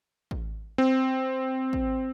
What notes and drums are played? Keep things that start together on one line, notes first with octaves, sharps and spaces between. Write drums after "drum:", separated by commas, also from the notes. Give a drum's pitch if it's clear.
drum: kick
C4
drum: kick